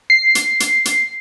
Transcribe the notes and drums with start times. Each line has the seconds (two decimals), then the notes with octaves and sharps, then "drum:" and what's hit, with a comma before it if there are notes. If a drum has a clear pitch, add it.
0.10 C7
0.35 drum: hi-hat
0.60 drum: hi-hat
0.85 drum: hi-hat